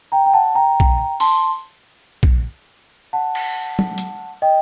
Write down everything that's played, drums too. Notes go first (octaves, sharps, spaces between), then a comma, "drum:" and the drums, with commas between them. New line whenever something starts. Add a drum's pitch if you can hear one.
G5 A#5
G5
F#5 A5
G5 A#5
drum: kick A#1
A5 C6, drum: open hi-hat
drum: kick A#1
F#5 A5
drum: cymbal
drum: tom
drum: hi-hat
D#5 G5